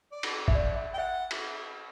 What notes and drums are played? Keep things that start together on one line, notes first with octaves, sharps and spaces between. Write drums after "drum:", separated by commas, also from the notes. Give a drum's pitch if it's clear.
D5
drum: cymbal
E5, drum: kick
D5
E5
G5
E5 F#5
drum: cymbal